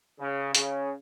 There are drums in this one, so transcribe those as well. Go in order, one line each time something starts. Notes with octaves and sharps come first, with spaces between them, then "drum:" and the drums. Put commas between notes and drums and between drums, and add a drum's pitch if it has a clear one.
C#3
C#3, drum: hi-hat